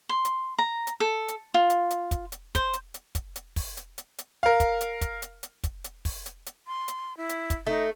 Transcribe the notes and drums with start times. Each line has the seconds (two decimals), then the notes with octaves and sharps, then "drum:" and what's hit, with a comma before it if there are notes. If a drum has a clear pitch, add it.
0.09 C6
0.25 drum: hi-hat
0.59 A#5
0.87 drum: hi-hat
1.00 A4
1.28 drum: hi-hat
1.54 F4
1.70 drum: hi-hat
1.90 drum: hi-hat
2.11 drum: kick, hi-hat
2.32 drum: hi-hat
2.55 C5, drum: kick, hi-hat
2.73 drum: hi-hat
2.94 drum: hi-hat
3.15 drum: kick, hi-hat
3.36 drum: hi-hat
3.56 drum: kick, open hi-hat
3.77 drum: hi-hat
3.98 drum: hi-hat
4.18 drum: hi-hat
4.43 A#4 F5
4.60 drum: kick, hi-hat
4.81 drum: hi-hat
5.01 drum: kick, hi-hat
5.22 drum: hi-hat
5.43 drum: hi-hat
5.64 drum: kick, hi-hat
5.84 drum: hi-hat
6.05 drum: kick, open hi-hat
6.26 drum: hi-hat
6.46 drum: hi-hat
6.67 C6
6.88 drum: hi-hat
7.17 E4
7.29 drum: hi-hat
7.50 drum: kick, hi-hat
7.67 A3 D#4